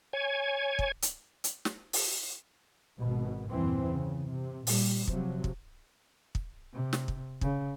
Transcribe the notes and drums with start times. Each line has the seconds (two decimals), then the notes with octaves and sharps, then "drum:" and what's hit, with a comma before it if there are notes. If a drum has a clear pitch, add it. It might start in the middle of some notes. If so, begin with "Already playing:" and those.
0.13 C#5 G#5
0.79 drum: kick
1.02 drum: hi-hat
1.44 drum: hi-hat
1.65 drum: snare
1.93 drum: open hi-hat
2.99 G#1 B2
3.50 G1 E2 A#2 E3 C4
3.88 C#3
4.29 C3
4.67 A#2 G3, drum: open hi-hat
5.08 C3 F3 F#3, drum: kick
5.44 drum: kick
6.35 drum: kick
6.73 C3
6.93 drum: snare
7.08 drum: kick
7.41 C#3, drum: kick